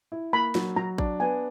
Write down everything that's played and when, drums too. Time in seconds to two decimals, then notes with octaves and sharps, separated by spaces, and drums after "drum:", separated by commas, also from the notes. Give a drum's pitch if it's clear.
0.12 E4
0.33 A#3 B5
0.55 F#3, drum: snare
0.76 F#3 A#5
0.98 D4, drum: kick
1.20 B3 G#5